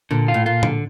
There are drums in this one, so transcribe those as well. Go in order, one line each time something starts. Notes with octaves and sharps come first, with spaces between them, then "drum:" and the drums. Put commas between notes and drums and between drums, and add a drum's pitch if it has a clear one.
A#2 D3
F4
A2
A#2 F4
D3, drum: tom A2